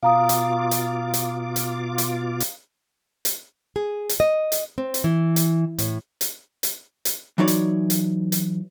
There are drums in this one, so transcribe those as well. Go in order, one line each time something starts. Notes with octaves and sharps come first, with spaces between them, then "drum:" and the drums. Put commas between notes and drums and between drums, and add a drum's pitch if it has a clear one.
B2 F4 F5 A#5 D6 D#6
drum: hi-hat
drum: hi-hat
drum: hi-hat
drum: hi-hat
drum: hi-hat
drum: hi-hat
drum: hi-hat
G#4
drum: hi-hat
D#5
drum: hi-hat
C4
drum: hi-hat
E3
drum: hi-hat
A2, drum: hi-hat
drum: hi-hat
drum: hi-hat
drum: hi-hat
E3 F#3 D#4 C#5 D5
drum: hi-hat
drum: hi-hat
drum: hi-hat